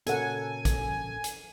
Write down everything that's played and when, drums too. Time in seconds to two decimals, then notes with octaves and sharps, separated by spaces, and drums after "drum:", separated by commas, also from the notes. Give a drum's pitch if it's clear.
0.07 A#2 C#3 C#4 A4 A#4 F#5 G#5, drum: hi-hat
0.65 drum: kick, hi-hat
1.24 drum: hi-hat